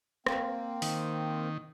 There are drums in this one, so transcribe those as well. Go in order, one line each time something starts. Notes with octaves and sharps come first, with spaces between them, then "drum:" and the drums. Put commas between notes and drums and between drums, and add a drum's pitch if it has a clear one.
A#3 C4, drum: rim click
D#3, drum: open hi-hat